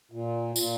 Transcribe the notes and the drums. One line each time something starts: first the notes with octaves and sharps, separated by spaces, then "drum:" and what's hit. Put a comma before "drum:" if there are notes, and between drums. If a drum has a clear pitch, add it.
A#2
A#2, drum: tambourine